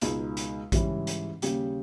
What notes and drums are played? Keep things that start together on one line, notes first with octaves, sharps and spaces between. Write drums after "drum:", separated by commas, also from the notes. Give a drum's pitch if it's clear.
C#2 B2 G#3 D#4 G#4, drum: hi-hat
drum: hi-hat
G#2 E3 G3 C#4, drum: kick A#1, hi-hat
drum: hi-hat
D#2 C#3 G3 C#4 G4, drum: hi-hat